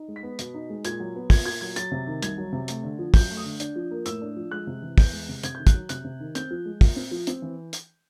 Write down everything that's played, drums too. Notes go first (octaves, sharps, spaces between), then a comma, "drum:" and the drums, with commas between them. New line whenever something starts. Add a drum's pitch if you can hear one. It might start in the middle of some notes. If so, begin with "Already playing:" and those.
Already playing: D#4
G#3
B6
B3
B2, drum: hi-hat
D#4
G#3
A#2 G#6, drum: hi-hat
F#3
B3
A#2 G#6, drum: kick, open hi-hat
A#2 G#6
F#3 G#6
F#3 A6, drum: hi-hat
C3
D#3
C2 G#6, drum: hi-hat
F#3
C3
A3, drum: hi-hat
D3
F3
F#2 G6, drum: kick, open hi-hat
A3
D#6
D3
D4, drum: hi-hat
F3
A#3
A2 E6, drum: hi-hat
D4
F3
G#3 F#6
C3
E3
E2 G6, drum: kick, open hi-hat
G#3
C3
C3 G#6, drum: hi-hat
G6
D#3
F#6, drum: kick, hi-hat
F#3
C3 F#6, drum: hi-hat
C3
D#3
C4 G6, drum: hi-hat
F3
G#3
A#2, drum: kick, open hi-hat
C4
F3
C4, drum: hi-hat
E3
drum: hi-hat